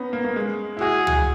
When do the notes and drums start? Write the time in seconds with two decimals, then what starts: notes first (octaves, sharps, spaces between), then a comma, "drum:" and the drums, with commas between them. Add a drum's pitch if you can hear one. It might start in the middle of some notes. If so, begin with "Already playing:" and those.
Already playing: B3 C#4 D#4
0.13 A#3
0.25 A#3
0.36 G#3
0.77 E4
0.81 F#4 G#4
1.07 drum: tom